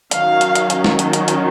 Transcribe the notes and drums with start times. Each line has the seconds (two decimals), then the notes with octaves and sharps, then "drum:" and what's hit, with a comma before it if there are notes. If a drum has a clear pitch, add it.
0.11 D#3 F#3 C#4 F5, drum: hi-hat
0.41 drum: hi-hat
0.55 drum: hi-hat
0.70 drum: hi-hat
0.84 drum: snare
0.99 drum: hi-hat
1.13 drum: hi-hat
1.28 drum: hi-hat